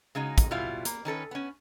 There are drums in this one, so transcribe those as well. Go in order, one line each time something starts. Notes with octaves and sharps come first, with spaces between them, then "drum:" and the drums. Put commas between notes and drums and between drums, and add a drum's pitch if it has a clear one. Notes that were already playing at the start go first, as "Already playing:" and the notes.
C#3 G#3 D#4 F#4
drum: kick, hi-hat
B2 G3 E4 F4 F5
A#3, drum: hi-hat
D#3 C#4 A4 B4
B3 C#4